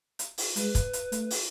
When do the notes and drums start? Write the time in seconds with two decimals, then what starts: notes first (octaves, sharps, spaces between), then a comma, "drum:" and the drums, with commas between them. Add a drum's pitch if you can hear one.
0.19 drum: hi-hat
0.38 drum: open hi-hat
0.56 G#3 B4, drum: hi-hat
0.75 drum: kick, hi-hat
0.93 drum: hi-hat
1.12 A3, drum: hi-hat
1.30 drum: open hi-hat